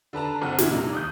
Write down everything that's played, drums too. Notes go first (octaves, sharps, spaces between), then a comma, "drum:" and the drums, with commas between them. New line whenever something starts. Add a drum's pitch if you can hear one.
D3 B4 A5 A#5
F#1 C4 F#5
E2 A#2 B3 E4 G#6, drum: snare
G2 C3 A#3 D#4
D#2 D#6 G6